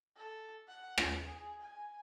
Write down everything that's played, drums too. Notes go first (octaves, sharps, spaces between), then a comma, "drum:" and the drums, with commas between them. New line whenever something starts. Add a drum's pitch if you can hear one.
A4
F#5
drum: rim click
G#4
G#5